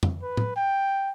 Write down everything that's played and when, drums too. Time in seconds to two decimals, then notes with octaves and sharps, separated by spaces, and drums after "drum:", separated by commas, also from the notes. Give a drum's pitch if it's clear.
0.03 drum: tom F2
0.23 B4
0.37 drum: tom A2
0.56 G5